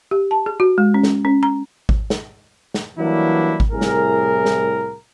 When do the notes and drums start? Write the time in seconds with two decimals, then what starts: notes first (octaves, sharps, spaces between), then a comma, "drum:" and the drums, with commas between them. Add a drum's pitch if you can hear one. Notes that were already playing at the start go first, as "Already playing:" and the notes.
0.11 G4
0.31 A5
0.46 G#4
0.60 F#4
0.78 G#3
0.94 C#4
1.03 drum: snare
1.25 C#4
1.43 A#5
1.89 drum: kick G#1
2.10 drum: snare
2.74 drum: snare
2.97 E3 F#3 G3 A#3 D4 E4
3.60 drum: kick G#1
3.71 C2 A2 G#4 A#4
3.81 drum: snare
4.45 drum: snare